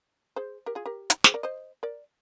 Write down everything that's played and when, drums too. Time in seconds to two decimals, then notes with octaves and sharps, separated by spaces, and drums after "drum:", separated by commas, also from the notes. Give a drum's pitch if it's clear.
0.36 G#4 C5
0.66 G4 A#4
0.75 F4 G#4
0.86 G4 A#4
1.10 drum: hi-hat
1.24 G#4 C5, drum: snare
1.34 A#4 D5
1.43 C5 D#5
1.83 A#4 D5